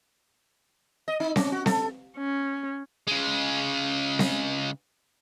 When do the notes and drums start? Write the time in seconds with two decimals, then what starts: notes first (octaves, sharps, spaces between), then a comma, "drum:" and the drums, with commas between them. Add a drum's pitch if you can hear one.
1.08 D#5
1.20 D#4
1.36 C#4, drum: snare C4
1.52 F#4
1.66 A4, drum: snare C4
2.17 C#4
3.08 C#3 G#3
4.19 drum: snare C4